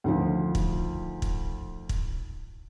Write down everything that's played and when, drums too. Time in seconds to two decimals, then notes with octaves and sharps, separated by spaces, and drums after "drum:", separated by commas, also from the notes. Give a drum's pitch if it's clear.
0.04 D2 D#3 F3
0.55 drum: kick
1.22 drum: kick
1.89 drum: kick